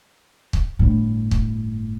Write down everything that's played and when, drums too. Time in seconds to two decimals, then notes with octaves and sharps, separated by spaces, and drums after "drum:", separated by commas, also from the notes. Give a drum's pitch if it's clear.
0.53 drum: kick
0.79 G1 A2
1.31 drum: kick